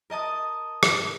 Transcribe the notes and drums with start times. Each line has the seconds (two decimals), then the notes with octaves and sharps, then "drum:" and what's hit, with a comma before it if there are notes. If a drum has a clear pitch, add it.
0.10 A#4 D#5 A5 D#6
0.83 drum: rim click